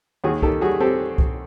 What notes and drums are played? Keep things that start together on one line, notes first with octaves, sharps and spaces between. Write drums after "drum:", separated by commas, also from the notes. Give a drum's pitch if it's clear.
D#2 F#4 G#4
D#3 G4 A4, drum: kick C2
G3 F#4 G#4
C4 G4 A4
drum: kick C2